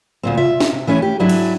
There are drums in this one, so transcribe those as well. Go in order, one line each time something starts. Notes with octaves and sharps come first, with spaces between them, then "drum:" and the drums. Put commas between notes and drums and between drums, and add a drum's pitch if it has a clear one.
D2 A#2 C4
F4 E5, drum: tom C3
drum: snare
C3
E3 A3 C#4 E4
G4
G#2 F#3 C#4 D4 E4
drum: cymbal